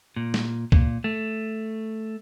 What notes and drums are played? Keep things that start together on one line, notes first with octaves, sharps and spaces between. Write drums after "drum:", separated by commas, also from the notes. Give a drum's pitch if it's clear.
A#2
drum: snare
A#2, drum: kick C#2
A3